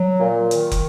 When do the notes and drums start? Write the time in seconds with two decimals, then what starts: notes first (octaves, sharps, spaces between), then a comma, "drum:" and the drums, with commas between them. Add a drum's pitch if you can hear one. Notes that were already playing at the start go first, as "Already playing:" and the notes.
Already playing: F#3
0.20 A#2
0.51 D#3, drum: hi-hat
0.71 drum: kick, hi-hat